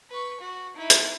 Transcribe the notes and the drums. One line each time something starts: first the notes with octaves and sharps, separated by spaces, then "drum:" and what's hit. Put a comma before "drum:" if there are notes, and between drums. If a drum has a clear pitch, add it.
B4 C#6
F#4
D#4 E4
drum: hi-hat